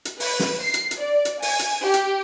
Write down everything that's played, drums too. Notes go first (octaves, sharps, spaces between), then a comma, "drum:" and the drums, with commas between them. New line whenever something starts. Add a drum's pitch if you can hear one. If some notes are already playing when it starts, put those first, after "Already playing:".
drum: hi-hat
B4, drum: open hi-hat
drum: snare
C7
drum: hi-hat
drum: hi-hat
D5
drum: hi-hat
G#5, drum: open hi-hat
drum: hi-hat
G4
drum: hi-hat